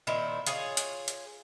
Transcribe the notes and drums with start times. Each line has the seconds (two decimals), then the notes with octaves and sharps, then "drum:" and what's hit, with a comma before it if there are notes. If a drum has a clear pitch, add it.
0.07 A#2 D#3 E4 C5
0.47 F4 G#4 C#5, drum: hi-hat
0.77 drum: hi-hat
1.08 drum: hi-hat